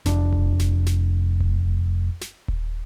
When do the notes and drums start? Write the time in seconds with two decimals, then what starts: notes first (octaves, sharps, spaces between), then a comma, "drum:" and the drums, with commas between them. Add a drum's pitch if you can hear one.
0.06 F1 D4, drum: snare
0.33 drum: kick D#1
0.59 drum: snare
0.86 drum: snare
1.40 drum: kick D#1
2.21 drum: snare
2.48 drum: kick D#1